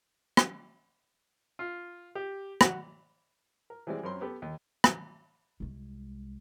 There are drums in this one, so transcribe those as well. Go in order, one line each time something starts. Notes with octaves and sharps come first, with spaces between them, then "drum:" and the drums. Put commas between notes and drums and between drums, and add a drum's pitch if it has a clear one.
drum: rim click
F4
G4
F#4, drum: rim click
A#4
E3 G3 G#3 C4 D5
F#2 C4 C#4 A#4 B5 C6
B3 G4 A4 B4
D#2
drum: rim click
C2 G#3